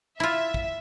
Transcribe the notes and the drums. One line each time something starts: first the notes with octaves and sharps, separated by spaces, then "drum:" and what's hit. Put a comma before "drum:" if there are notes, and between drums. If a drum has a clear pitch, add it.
E4 F4 E5
drum: kick